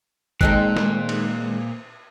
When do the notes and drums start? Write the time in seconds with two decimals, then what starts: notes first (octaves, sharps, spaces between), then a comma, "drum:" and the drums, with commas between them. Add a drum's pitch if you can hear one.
0.41 A#2 D#3 G#3 C4 D#4 A4 F#6, drum: kick G#1
0.77 drum: snare
1.09 drum: cymbal